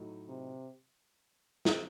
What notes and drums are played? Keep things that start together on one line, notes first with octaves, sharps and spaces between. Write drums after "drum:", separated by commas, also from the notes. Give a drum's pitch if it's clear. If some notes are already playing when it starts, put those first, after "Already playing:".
Already playing: A2 F#3 A3 D#4
C3
F#3 C4, drum: snare